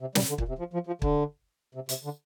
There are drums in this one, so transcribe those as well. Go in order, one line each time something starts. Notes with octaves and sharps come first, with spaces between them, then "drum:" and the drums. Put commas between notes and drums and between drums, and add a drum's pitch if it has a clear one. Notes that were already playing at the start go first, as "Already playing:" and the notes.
C3
G3, drum: snare
D3
A#2, drum: kick
C3
F3
F3
F3
D3, drum: kick
C3
C3, drum: hi-hat
D3